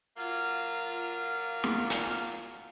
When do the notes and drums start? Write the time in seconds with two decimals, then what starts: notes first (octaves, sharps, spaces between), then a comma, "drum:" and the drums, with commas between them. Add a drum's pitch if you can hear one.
0.17 F#3 A#3 F4
1.64 drum: snare
1.90 drum: hi-hat